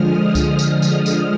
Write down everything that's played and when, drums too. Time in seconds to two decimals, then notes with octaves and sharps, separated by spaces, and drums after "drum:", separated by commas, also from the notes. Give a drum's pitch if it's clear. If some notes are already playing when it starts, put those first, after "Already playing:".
Already playing: D3 F3 G#3 D#6 F6
0.35 F6, drum: kick C#2, tambourine
0.59 drum: tambourine
0.82 drum: tambourine
1.06 drum: tambourine